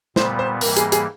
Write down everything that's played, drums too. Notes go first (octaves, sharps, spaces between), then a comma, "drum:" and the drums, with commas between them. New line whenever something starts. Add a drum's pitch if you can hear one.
A#2 G3 B3 C5, drum: snare
C5
G#2 E3 G3 A#3 A#4, drum: open hi-hat
G#4, drum: hi-hat
G#4, drum: hi-hat